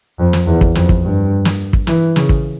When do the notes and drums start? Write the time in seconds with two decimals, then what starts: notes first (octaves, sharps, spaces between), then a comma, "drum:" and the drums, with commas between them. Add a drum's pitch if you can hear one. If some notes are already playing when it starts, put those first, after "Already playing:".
0.19 F2
0.33 drum: snare
0.47 E2
0.61 drum: kick
0.75 F2, drum: snare
0.89 drum: kick
1.04 G2
1.45 drum: snare
1.73 drum: kick
1.87 E3, drum: snare
2.16 C#3, drum: snare
2.29 drum: kick